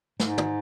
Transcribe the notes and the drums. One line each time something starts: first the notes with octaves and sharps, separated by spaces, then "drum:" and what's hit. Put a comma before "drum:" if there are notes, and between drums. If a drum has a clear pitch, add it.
G#2, drum: snare
drum: tom